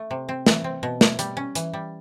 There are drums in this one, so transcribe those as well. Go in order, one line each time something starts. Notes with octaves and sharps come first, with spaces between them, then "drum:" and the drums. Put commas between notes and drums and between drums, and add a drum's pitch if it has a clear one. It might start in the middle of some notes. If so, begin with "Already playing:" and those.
Already playing: A3
C3
C4
E3, drum: snare
C4
B2
E4, drum: snare
G3, drum: hi-hat
C#4
E3, drum: hi-hat
G3